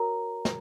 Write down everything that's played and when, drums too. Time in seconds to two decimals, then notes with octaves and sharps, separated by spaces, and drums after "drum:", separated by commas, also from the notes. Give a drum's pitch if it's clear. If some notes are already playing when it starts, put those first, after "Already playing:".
Already playing: F#4 A#4 C#5 A#5
0.45 drum: snare